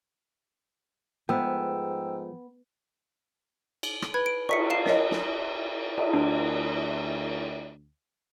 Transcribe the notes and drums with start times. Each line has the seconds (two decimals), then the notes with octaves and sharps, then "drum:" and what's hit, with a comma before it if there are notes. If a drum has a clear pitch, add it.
1.29 G#2 F3 G#3 A3 B3 G5 E6
3.83 drum: cymbal
4.02 drum: rim click
4.14 B4 B5 G#6
4.26 D7
4.49 C#6 B6 C#7, drum: cymbal
4.70 F5 C7 E7
4.86 A#4 C#5 D#5, drum: snare
5.11 drum: snare
5.98 drum: cymbal
6.13 D2 D4